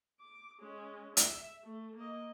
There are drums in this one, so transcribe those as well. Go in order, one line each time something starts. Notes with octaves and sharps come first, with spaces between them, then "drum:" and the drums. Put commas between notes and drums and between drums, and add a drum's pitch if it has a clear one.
D6
G#3 C#4
E5, drum: hi-hat
A3
A#3 D#5